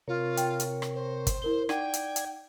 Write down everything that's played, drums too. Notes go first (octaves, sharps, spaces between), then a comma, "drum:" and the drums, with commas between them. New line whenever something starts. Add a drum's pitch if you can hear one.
C3 F4 A#4 C#5
G5, drum: hi-hat
drum: hi-hat
drum: rim click
C5
drum: kick, hi-hat
E4 A#4 G7
D#4 D5 F#5 G5 G#6 D#7, drum: rim click
drum: hi-hat
drum: hi-hat